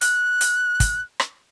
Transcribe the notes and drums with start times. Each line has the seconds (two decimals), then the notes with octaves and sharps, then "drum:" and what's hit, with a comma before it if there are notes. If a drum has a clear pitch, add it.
0.01 F#6, drum: hi-hat
0.41 drum: hi-hat
0.80 drum: kick, hi-hat
1.20 drum: rim click